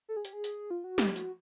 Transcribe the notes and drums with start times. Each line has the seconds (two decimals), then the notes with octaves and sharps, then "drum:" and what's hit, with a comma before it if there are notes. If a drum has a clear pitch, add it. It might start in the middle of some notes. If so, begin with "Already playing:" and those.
0.09 A4
0.17 G#4
0.25 G4, drum: hi-hat
0.33 G#4
0.44 drum: hi-hat
0.71 F4
0.84 F#4
0.98 G4, drum: snare
1.16 F#4, drum: hi-hat